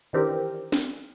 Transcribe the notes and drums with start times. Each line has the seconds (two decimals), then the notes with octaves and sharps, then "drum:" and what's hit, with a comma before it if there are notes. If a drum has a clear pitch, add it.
0.13 D#3 E3 C4 D4 G4 A#4
0.72 drum: snare